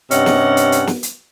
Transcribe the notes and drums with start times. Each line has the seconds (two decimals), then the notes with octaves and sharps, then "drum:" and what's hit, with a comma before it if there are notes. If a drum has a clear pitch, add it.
0.11 G2 C3 C#4 D#5 F#5, drum: hi-hat
0.26 drum: snare
0.57 drum: hi-hat
0.72 drum: hi-hat
0.87 drum: snare
1.03 drum: hi-hat